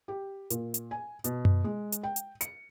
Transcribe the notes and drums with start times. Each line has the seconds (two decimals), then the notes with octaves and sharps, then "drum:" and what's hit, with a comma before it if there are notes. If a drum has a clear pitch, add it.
0.08 G4
0.50 A#2, drum: hi-hat
0.74 drum: hi-hat
0.91 G#5
1.24 B2, drum: hi-hat
1.45 drum: tom F#2
1.64 G#3
1.92 drum: hi-hat
2.03 G5
2.16 drum: hi-hat
2.41 C#7, drum: hi-hat